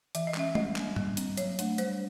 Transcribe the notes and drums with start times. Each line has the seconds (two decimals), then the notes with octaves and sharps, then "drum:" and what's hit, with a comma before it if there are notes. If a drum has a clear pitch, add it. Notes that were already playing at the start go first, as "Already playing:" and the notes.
0.15 E3 E5, drum: hi-hat
0.27 D#5
0.34 G#3 C#4 E5, drum: clap
0.55 G3 D#5, drum: tom G#3
0.76 A#3 D4, drum: clap
0.96 G3, drum: tom G2
1.17 C4, drum: hi-hat
1.37 F#3 C#5, drum: hi-hat
1.59 A3 D4, drum: hi-hat
1.78 G3 C5, drum: hi-hat